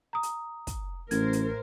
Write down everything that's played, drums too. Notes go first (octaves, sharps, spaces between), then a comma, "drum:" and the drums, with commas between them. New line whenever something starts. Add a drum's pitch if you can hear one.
A#5 D#6
drum: hi-hat
drum: kick, hi-hat
A1 A2 A#4 C5 G#6, drum: hi-hat
drum: hi-hat